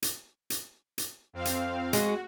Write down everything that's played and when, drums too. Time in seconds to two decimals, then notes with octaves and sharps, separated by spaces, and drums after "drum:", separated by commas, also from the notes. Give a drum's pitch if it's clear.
0.03 drum: hi-hat
0.50 drum: hi-hat
0.98 drum: hi-hat
1.33 F2 C4 F5
1.45 drum: hi-hat
1.93 G#3 F#4, drum: hi-hat